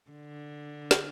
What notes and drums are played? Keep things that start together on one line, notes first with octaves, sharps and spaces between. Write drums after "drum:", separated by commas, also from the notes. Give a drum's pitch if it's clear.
D3
drum: snare